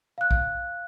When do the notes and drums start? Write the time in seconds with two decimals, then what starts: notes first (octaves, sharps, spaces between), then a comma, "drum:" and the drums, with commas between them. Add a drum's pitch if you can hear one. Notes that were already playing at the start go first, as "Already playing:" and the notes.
0.18 F5 F#6
0.31 drum: kick A#1